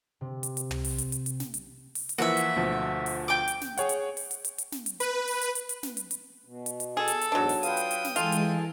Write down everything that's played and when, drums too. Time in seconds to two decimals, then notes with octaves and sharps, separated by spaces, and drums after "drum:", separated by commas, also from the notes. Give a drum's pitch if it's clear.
0.21 C3
0.43 drum: hi-hat
0.57 drum: hi-hat
0.71 drum: tom
0.84 drum: open hi-hat
0.98 drum: hi-hat
1.12 drum: hi-hat
1.26 drum: hi-hat
1.40 drum: snare
1.54 drum: hi-hat
1.95 drum: open hi-hat
2.09 drum: hi-hat
2.18 E3 F3 A#3 F#4 E5
2.37 drum: hi-hat
2.56 D2 B2 F3
3.06 drum: open hi-hat
3.28 G5 D6
3.48 drum: hi-hat
3.61 drum: snare
3.77 G#4 C#5 F#5, drum: hi-hat
3.89 drum: hi-hat
4.17 drum: open hi-hat
4.31 drum: hi-hat
4.45 drum: hi-hat
4.58 drum: hi-hat
4.72 drum: snare
4.86 drum: hi-hat
5.00 B4, drum: hi-hat
5.28 drum: open hi-hat
5.41 drum: hi-hat
5.55 drum: hi-hat
5.69 drum: hi-hat
5.83 drum: snare
5.97 drum: hi-hat
6.11 drum: hi-hat
6.45 B2
6.66 drum: hi-hat
6.80 drum: hi-hat
6.97 G#4 A4
7.08 drum: hi-hat
7.21 drum: hi-hat
7.32 E2 G#2 F#3 D4
7.49 drum: open hi-hat
7.63 F4 B4 F5 G5 D#6, drum: hi-hat
7.77 drum: hi-hat
7.91 drum: hi-hat
8.05 drum: snare
8.16 E3 G#3 F4 A4 G#5 A5, drum: hi-hat
8.32 drum: hi-hat